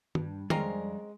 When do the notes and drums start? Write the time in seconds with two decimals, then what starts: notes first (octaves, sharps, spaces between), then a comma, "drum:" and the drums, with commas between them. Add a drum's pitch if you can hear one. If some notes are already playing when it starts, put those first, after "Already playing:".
0.15 G2, drum: tom
0.50 F2 G3 G#3 C4 C#4 A#4 F5, drum: tom